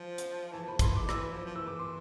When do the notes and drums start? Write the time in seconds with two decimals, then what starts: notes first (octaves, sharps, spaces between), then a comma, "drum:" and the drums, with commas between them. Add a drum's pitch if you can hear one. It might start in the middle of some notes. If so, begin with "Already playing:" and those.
Already playing: F3
0.18 drum: hi-hat
0.52 E3 A5
0.63 F3 B5
0.79 E3 C6, drum: kick, hi-hat
0.90 F3
0.94 E3 D6
1.05 D3
1.09 E3 E6, drum: rim click
1.33 F3
1.45 F3
1.55 E3 E6
1.67 D6
1.79 C6